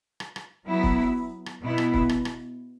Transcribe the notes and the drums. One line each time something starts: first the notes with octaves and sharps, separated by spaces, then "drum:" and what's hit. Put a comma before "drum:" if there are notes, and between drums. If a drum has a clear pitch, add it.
drum: rim click
drum: rim click
F#3 B3 E4
drum: kick C#1
drum: rim click
B2 B3 E4
drum: rim click
drum: kick C#1
drum: rim click
drum: rim click